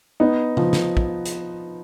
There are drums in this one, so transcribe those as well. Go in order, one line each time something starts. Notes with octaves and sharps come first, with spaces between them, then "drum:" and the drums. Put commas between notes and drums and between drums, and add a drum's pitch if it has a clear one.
B3 D#4
F3, drum: tom C#3
drum: snare
drum: kick
drum: hi-hat